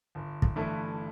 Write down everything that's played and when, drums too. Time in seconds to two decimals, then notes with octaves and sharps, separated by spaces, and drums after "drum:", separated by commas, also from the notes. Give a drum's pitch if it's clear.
0.15 G1
0.42 drum: kick
0.56 G2 E3 A3 E4